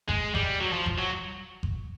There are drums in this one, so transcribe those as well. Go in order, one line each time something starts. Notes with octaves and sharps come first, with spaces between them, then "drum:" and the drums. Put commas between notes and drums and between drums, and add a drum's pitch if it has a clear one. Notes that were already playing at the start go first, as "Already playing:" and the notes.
G#3, drum: kick G1
G3, drum: kick G1
F#3
F3
drum: kick G1
F#3
drum: kick G1